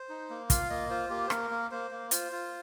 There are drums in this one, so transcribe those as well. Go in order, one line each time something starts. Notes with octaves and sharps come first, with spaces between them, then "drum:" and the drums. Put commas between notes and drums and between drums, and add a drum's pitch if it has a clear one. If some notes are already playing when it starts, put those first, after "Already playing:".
Already playing: C5
D#4
A#3
F4 F5, drum: kick, hi-hat
A#3 D#5
F4 C5
A#3 G4
C5
A#3 A#4, drum: rim click
A#3
A#3 C5
A#3
F4 C5, drum: hi-hat
F4